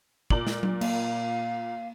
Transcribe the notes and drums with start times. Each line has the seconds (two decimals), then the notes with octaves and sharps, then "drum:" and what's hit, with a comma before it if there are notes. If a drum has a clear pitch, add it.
0.30 A#2 D5 F#7, drum: kick
0.47 drum: snare
0.63 drum: tom F#3
0.81 A#3 F5, drum: cymbal